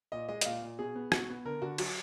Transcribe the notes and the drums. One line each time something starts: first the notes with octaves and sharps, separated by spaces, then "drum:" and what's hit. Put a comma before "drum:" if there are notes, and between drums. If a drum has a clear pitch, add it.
A#2 D#5
G#3 D#5
D#5, drum: hi-hat
A#2 F5
A#2
B2 G#4
B3
B2 F#4, drum: rim click
B3
D3 A#4
D3 F#4
F#3 F#4, drum: cymbal